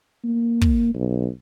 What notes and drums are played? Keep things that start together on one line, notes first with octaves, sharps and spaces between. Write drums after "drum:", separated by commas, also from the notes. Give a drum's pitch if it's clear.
A#3
drum: kick
B1